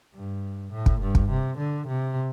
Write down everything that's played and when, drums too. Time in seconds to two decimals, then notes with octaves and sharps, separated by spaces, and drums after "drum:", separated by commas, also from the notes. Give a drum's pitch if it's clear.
0.15 G2
0.72 A2
0.86 drum: kick
1.01 G2
1.15 drum: kick
1.30 C3
1.58 D3
1.87 C3